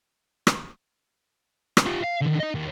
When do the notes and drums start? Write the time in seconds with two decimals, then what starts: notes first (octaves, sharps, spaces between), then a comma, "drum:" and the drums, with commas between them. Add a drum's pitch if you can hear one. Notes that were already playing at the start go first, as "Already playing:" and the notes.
0.47 drum: rim click
1.77 drum: rim click
1.86 F4 G4
2.04 F5
2.22 D3 D#3
2.40 D#4 D#5
2.55 D#2